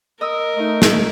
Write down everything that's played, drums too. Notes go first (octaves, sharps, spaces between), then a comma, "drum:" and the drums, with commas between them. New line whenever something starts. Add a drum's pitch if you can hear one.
A#4 D#5 D#6 E6
A3 D#4
drum: snare